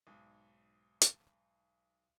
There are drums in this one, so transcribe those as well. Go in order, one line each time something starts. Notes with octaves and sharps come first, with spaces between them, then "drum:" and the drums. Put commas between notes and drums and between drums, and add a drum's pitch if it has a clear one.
B1 G#2
drum: hi-hat